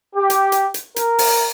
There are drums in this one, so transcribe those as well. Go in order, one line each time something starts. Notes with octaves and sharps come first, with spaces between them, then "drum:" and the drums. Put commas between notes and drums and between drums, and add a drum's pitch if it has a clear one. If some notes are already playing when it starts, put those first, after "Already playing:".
G4
drum: hi-hat
drum: hi-hat
drum: hi-hat
A#4, drum: hi-hat
drum: open hi-hat